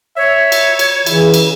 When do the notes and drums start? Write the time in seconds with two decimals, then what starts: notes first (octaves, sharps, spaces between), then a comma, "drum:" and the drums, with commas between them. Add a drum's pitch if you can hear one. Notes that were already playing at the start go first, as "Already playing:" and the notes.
0.17 C#5 E5
0.52 drum: cymbal
0.79 drum: cymbal
1.06 C#3 E3 E4, drum: cymbal
1.34 drum: cymbal